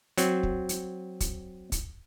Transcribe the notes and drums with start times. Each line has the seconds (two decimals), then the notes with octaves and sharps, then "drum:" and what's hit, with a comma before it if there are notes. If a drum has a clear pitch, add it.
0.18 F#3 C4, drum: hi-hat
0.43 drum: kick
0.69 drum: hi-hat
1.20 drum: kick, hi-hat
1.72 drum: kick, hi-hat